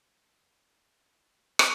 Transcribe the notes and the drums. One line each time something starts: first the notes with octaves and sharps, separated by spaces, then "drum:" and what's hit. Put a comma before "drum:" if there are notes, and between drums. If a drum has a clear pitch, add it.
C#4 D4 A4 B5
D#5 F5 C#6
F#4 A4 B4 D#5 F5 F#5
drum: rim click